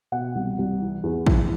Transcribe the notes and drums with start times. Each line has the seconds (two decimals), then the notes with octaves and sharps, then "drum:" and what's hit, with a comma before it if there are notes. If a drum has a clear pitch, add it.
0.12 B2 F#5
0.35 C2
0.59 C2
0.81 E3
1.03 E2
1.27 E3, drum: kick A1